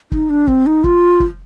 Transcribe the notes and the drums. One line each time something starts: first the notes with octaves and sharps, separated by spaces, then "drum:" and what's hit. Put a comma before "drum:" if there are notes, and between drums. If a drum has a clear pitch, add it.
D#4, drum: kick
D4
C4, drum: kick
D#4
F4, drum: kick
drum: kick